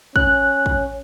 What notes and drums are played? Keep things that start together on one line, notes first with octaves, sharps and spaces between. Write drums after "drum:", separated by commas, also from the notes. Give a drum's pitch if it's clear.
C#4 F#6, drum: kick
drum: kick